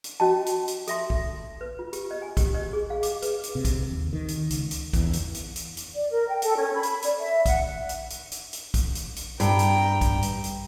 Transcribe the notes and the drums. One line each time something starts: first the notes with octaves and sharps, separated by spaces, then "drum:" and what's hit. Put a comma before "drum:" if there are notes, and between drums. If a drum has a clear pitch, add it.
drum: hi-hat
C#4 F#4 D#5 A5
drum: hi-hat
drum: hi-hat
A4 E5 C6, drum: hi-hat
drum: kick
B4
F4
G4, drum: hi-hat
D#5
G#5
G4, drum: kick, hi-hat
D#5
G#4
F5
D6, drum: hi-hat
B4, drum: hi-hat
drum: hi-hat
C3
drum: kick, hi-hat
D#2
D#3
drum: hi-hat
C#2, drum: hi-hat
drum: hi-hat
E2, drum: kick, hi-hat
drum: hi-hat
drum: hi-hat
drum: hi-hat
drum: hi-hat
D5
A#4
G5
A4, drum: hi-hat
C#4
B5
drum: hi-hat
D5, drum: hi-hat
E5
F#5, drum: kick, hi-hat
drum: hi-hat
drum: hi-hat
drum: hi-hat
drum: hi-hat
drum: kick, hi-hat
drum: hi-hat
drum: hi-hat
G2 G5 A#5, drum: hi-hat
drum: hi-hat
drum: kick, hi-hat
drum: hi-hat
drum: hi-hat